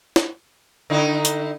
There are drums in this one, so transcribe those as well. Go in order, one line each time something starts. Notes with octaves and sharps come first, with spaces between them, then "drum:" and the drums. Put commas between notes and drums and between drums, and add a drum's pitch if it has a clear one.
drum: snare
D3 D#4 E4
drum: hi-hat